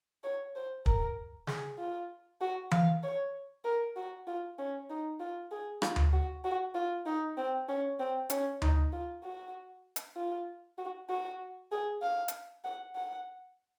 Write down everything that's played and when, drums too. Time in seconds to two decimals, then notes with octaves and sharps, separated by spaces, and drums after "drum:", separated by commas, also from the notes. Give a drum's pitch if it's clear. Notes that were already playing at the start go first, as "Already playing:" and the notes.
0.24 C#5
0.55 C5
0.86 A#4, drum: kick
1.47 G#4, drum: snare
1.78 F4
2.41 F#4
2.71 F5, drum: tom E3
3.03 C#5
3.64 A#4
3.96 F#4
4.27 F4
4.58 C#4
4.89 D#4
5.20 F4
5.51 G#4
5.82 F4, drum: rim click
5.96 drum: tom D2
6.13 F#4
6.44 F#4
6.74 F4
7.06 D#4
7.37 C4
7.68 C#4
8.00 C4
8.30 C#4, drum: hi-hat
8.62 D#4, drum: tom D2
8.92 F4
9.23 F#4
9.96 drum: hi-hat
10.16 F4
10.78 F#4
11.09 F#4
11.72 G#4
12.02 F5
12.28 drum: hi-hat
12.64 F#5
12.95 F#5